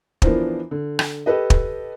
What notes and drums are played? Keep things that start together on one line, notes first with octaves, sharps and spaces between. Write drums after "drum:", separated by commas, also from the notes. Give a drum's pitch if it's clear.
E3 F3 B3 D4 A#4 C5, drum: kick
D3
drum: rim click
G4 A4 B4 D#5
drum: kick